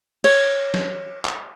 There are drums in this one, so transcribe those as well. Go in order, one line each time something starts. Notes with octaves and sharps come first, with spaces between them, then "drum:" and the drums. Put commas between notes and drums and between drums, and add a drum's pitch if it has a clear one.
C#5, drum: cymbal
drum: snare
drum: clap